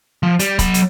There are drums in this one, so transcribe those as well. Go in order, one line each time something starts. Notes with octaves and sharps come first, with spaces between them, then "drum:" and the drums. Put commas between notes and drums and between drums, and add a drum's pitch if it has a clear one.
F3
G3, drum: hi-hat
F#3 B5, drum: kick, hi-hat
drum: hi-hat